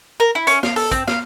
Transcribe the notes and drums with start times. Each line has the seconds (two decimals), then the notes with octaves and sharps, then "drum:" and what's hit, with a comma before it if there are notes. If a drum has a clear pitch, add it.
0.20 A#4
0.35 E4
0.47 C#4, drum: hi-hat
0.63 F5, drum: snare
0.76 A4, drum: open hi-hat
0.91 C4, drum: kick, hi-hat
1.08 F5, drum: snare